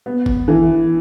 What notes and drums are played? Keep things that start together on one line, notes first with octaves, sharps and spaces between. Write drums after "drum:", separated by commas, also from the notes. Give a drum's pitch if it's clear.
B3
drum: kick G1
E3